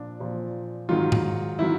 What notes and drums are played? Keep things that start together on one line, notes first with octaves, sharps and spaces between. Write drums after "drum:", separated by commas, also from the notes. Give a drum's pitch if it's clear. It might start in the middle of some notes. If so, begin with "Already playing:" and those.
Already playing: A#2 F3 D4
A#2 F3
G#2 D#3 F#3 F4
drum: tom G#2
D#3 F#3 E4